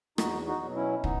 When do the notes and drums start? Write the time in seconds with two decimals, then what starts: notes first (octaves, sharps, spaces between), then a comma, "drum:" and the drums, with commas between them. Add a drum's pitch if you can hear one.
0.18 E2 D#4 F#4, drum: rim click
0.47 D#4 F#4
0.61 B2 F#3
0.75 C#4 E4
1.04 B3 D#4, drum: kick